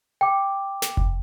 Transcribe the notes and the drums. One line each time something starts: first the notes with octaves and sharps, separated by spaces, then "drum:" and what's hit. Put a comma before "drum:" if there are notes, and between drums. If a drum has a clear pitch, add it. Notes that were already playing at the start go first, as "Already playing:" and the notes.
G5 D6
drum: snare
drum: kick F1